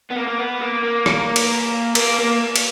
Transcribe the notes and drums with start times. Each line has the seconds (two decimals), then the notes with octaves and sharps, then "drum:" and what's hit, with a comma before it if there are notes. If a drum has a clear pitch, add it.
0.11 B3
0.17 A#3
0.28 A#3
0.39 B3
0.62 A#3
0.83 A#3
1.06 drum: rim click
1.36 drum: cymbal
1.95 A#3, drum: cymbal
2.19 A#3
2.56 drum: cymbal